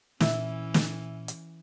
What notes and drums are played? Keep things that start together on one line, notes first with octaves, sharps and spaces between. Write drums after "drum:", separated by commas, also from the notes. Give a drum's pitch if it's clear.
A#2 E3 C#4 E4, drum: snare
drum: snare
drum: hi-hat